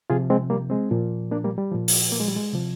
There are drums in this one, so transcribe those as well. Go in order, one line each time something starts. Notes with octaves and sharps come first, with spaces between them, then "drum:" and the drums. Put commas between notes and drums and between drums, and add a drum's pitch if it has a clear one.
C3 F3 F4 G#4
G#3 C4
G3 A#3
G#3 C4
A#2 F3
A#3 D4
G3 A#3
G3
A#2 F3
drum: open hi-hat
A#3
G#3
G3
G#3
C3 F3